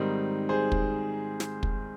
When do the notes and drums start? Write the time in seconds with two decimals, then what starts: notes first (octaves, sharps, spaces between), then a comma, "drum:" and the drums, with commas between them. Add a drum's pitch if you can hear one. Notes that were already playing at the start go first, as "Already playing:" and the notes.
Already playing: G#2 D#3 G3 C4 D#4
0.49 G#4 C5
0.72 drum: kick
1.40 drum: snare
1.63 drum: kick